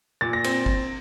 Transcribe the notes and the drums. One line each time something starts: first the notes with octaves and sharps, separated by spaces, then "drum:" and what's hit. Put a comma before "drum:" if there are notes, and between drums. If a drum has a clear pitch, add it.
A#2 A6
A#6
C4, drum: cymbal
drum: kick